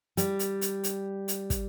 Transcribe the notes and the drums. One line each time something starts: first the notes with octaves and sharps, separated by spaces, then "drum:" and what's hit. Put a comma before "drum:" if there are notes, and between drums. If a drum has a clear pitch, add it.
G3, drum: hi-hat
drum: hi-hat
drum: hi-hat
drum: hi-hat
drum: hi-hat
drum: kick, hi-hat